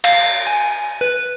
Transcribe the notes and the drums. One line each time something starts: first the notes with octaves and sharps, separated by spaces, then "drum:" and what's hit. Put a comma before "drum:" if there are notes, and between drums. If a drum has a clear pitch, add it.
F5, drum: cymbal
G#5
B4